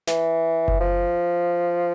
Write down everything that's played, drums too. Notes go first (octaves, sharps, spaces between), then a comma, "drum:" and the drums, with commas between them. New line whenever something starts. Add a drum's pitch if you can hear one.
E3, drum: snare
drum: kick F#1
F3